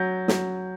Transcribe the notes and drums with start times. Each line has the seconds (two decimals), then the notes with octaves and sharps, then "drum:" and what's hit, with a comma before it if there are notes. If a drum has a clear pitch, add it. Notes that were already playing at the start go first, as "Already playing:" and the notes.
Already playing: F#3 G6
0.28 F#3, drum: snare